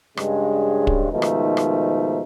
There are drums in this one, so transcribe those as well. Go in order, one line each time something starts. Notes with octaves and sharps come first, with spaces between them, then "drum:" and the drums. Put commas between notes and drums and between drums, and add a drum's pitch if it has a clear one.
G2 C#3 G#3, drum: rim click
drum: kick
G#2 B2 D#3 F3 A3 D#4
drum: rim click
drum: rim click